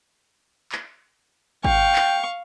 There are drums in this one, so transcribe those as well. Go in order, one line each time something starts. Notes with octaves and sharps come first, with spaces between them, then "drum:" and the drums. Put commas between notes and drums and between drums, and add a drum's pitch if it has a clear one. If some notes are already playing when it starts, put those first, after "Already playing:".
drum: clap
F5 G5 C#6, drum: kick G#1
drum: clap